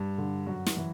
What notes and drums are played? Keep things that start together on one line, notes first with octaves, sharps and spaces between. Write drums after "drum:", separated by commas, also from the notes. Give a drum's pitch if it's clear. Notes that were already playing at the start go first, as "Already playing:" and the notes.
Already playing: G2
D3
F#2 F#4
drum: snare
E3